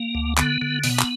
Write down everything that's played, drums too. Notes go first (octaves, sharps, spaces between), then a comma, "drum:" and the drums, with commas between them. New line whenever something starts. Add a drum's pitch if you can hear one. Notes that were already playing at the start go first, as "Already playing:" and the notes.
Already playing: A#3
D2
D3 B3, drum: clap
D3
B2 B3, drum: open hi-hat
drum: clap